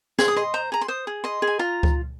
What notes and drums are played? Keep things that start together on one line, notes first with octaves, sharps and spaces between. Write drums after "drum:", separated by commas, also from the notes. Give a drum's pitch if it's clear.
G#4 C6, drum: snare
D#6
D#5 C6
C5 A#5
G#4 A#5
C6
C5 D#6
G#4
D#5 C6
G#4
G#5
F4 A#5
drum: kick C#2